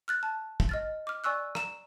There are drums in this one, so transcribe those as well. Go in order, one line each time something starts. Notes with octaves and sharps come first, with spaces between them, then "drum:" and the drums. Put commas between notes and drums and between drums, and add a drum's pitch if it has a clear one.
F6 F#6 A6
A5
drum: kick
D#5 F6 A6
D6 F6
D5 G#5 C#6 E6 F#6
A#5 E7, drum: rim click